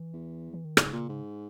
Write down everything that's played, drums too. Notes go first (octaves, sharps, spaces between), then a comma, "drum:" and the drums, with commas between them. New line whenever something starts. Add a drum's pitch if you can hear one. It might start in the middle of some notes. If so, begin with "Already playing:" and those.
Already playing: E3
E2
E3
D#3
G#2 C#3, drum: rim click
A#2
G#2